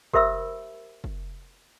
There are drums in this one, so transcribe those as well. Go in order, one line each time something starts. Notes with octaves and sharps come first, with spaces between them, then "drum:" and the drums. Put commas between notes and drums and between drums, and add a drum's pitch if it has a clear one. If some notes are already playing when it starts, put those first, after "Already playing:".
G4 A#4 C5 E5 B5 E6, drum: kick
drum: kick